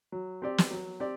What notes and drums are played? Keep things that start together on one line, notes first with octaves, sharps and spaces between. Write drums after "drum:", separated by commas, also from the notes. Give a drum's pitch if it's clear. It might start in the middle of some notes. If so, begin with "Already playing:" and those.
F#3
C4 G4 D5
drum: snare
F#3
C4 G4 D5